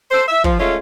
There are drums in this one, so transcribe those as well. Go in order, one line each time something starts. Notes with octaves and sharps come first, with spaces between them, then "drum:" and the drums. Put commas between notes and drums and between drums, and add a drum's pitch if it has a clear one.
A4 C5
E5
F3, drum: kick
G#3 A3 C#4 F4 A4